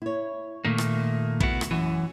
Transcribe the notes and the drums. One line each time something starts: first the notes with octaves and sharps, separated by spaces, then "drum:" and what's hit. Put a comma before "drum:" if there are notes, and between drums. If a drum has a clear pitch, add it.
E4 C#5
A#2 D#3 A3 A#3
drum: rim click
B3 E4 F#4, drum: kick
drum: rim click
F#2 E3